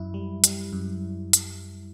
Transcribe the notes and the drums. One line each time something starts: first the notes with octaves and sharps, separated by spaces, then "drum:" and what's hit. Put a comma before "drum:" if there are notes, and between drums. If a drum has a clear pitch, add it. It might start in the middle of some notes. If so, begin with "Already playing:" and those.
Already playing: F#2 E4
G3
G3, drum: hi-hat
F#2
drum: hi-hat